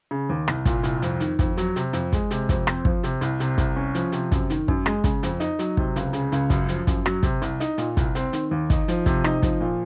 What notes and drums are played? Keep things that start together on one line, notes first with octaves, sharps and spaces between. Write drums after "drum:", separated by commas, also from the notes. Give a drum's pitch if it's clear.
C#3
D#2
C2, drum: rim click
A#2, drum: kick, hi-hat
C2, drum: hi-hat
F2, drum: hi-hat
D#3, drum: hi-hat
F2, drum: kick, hi-hat
F#3, drum: hi-hat
C3, drum: hi-hat
F2, drum: hi-hat
G#3, drum: kick, hi-hat
C3, drum: hi-hat
F2, drum: kick, hi-hat
C4, drum: rim click
F3, drum: kick
C3, drum: hi-hat
C2, drum: hi-hat
C3, drum: hi-hat
C2, drum: kick, hi-hat
C#4
F3, drum: hi-hat
C3, drum: hi-hat
F#2, drum: kick, hi-hat
D#3, drum: hi-hat
F#2, drum: kick
G#3, drum: rim click
C#3, drum: kick, hi-hat
F2, drum: hi-hat
D#4, drum: hi-hat
F#3, drum: hi-hat
C3, drum: kick
C#2, drum: hi-hat
C#3, drum: hi-hat
C#2, drum: hi-hat
F#2, drum: kick, hi-hat
F3, drum: hi-hat
F#2, drum: kick, hi-hat
F#3, drum: rim click
C3, drum: kick, hi-hat
C2, drum: hi-hat
D#4, drum: hi-hat
A#2, drum: hi-hat
C2, drum: kick, hi-hat
C4, drum: hi-hat
D#3, drum: hi-hat
D#2
D#4, drum: kick, hi-hat
F3, drum: hi-hat
C3, drum: kick, hi-hat
D#4, drum: rim click
F3, drum: kick, hi-hat
A#2